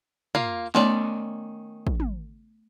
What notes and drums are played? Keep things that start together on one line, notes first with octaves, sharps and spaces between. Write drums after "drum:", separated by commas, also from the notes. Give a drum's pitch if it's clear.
A#3 F4 F5, drum: tom
D#3 A3 B3 C#4 D5 C6, drum: snare
drum: kick
drum: tom